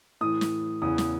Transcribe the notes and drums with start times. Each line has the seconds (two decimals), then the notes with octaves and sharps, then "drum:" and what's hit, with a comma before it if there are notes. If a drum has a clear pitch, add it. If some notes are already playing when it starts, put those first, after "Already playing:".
0.21 A2 E3 D#6
0.41 drum: snare
0.82 E2 C#3 E3 D#6
0.98 D#6, drum: snare